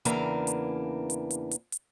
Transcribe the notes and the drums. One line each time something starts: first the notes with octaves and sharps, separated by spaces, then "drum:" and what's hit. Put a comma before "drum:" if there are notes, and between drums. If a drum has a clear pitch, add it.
E2 C#3 E3 A#3 D4 A#5, drum: hi-hat
drum: hi-hat
drum: hi-hat
drum: hi-hat
drum: hi-hat
drum: hi-hat